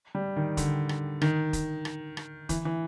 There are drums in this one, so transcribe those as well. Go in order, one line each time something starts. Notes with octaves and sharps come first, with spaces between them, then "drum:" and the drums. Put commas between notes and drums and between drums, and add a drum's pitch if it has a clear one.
G3
D#3
D3, drum: kick, hi-hat
drum: rim click
D#3, drum: rim click
drum: kick, hi-hat
drum: rim click
drum: rim click
E3, drum: kick, hi-hat
E3